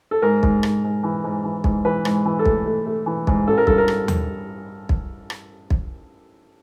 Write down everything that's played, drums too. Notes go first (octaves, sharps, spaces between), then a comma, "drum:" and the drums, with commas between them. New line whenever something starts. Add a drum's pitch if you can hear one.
A4
G#2 A#4
G#2, drum: kick
G#2, drum: rim click
G#2
E3
G#2
E3
G#2, drum: kick
E3 B4
G#2, drum: rim click
E3
A4
A3, drum: kick
A3
A3
E3
G#2, drum: kick
A1 A4
A#4
G2 A4, drum: kick
A#4
drum: rim click
drum: tom D#2
drum: kick
drum: rim click
drum: kick